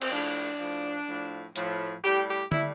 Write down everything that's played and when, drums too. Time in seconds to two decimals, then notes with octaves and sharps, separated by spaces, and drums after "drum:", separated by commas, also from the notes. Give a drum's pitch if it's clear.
0.02 C4, drum: cymbal
0.11 A2 F3 D4
0.60 A2 F3
1.07 A2 F3
1.56 A2 F3, drum: hi-hat
2.04 A2 G3 G4
2.28 G4
2.52 A2 G3 E4, drum: tom